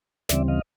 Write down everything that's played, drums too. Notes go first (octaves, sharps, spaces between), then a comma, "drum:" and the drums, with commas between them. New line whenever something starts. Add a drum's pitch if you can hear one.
D2 C#3 E3 G3 C4 D5 E5, drum: snare
D#5 F5